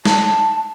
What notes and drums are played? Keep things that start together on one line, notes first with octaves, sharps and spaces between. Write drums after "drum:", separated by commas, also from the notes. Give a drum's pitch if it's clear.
A5, drum: snare